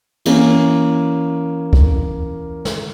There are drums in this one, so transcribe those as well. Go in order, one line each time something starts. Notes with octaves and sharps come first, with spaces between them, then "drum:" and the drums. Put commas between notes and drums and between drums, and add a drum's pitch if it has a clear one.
E3 A#3 C#4, drum: cymbal
drum: kick
drum: snare